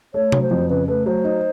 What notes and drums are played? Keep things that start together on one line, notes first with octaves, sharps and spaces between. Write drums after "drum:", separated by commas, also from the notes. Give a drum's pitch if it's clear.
A3 C#5
F#3, drum: tom C3
C5
F2
C#3 B4
A3 B4
F#3 C5
D#4